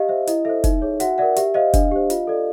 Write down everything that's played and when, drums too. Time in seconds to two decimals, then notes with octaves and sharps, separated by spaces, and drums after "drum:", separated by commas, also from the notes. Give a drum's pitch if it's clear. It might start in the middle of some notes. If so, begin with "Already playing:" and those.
Already playing: G4 D#5 F5
0.09 C5 E5
0.27 E4 D#5, drum: hi-hat
0.45 A4 C5 E5
0.64 D#4, drum: kick, hi-hat
0.82 G#4 C#5
1.00 F#4 E5 F#5, drum: hi-hat
1.18 A#4 D5 E5 F#5
1.36 G4 E5, drum: hi-hat
1.54 C5 D#5 F5
1.74 D4, drum: kick, hi-hat
1.92 G4 C5
2.10 F4, drum: hi-hat
2.27 A4 D5